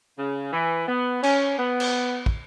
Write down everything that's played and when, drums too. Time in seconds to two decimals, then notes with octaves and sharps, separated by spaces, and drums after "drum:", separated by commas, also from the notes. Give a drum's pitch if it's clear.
0.18 C#3
0.53 E3
0.88 B3
1.23 C#4, drum: cymbal
1.59 B3
1.80 drum: cymbal
2.26 drum: kick